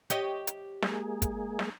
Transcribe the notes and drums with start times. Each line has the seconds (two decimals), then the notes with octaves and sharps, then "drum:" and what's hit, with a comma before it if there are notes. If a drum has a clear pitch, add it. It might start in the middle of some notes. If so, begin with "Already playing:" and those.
0.10 G4 C#5 D#5, drum: hi-hat
0.47 drum: hi-hat
0.82 G#3 A#3 G#4, drum: snare
1.22 drum: kick, hi-hat
1.59 drum: snare